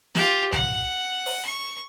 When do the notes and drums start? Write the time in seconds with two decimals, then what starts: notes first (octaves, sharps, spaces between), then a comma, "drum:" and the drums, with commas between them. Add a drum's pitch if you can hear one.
0.15 F4 G4, drum: snare
0.52 F#5, drum: tom C2
1.26 drum: open hi-hat
1.45 C#6